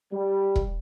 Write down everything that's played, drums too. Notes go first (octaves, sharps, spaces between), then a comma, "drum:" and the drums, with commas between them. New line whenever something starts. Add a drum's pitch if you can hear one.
G3
drum: kick E1